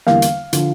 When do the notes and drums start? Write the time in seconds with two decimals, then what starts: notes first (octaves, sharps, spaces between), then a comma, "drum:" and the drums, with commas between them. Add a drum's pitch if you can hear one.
0.07 E2 D3 G3 A#3 F5, drum: snare
0.22 drum: hi-hat
0.53 D3 F3, drum: hi-hat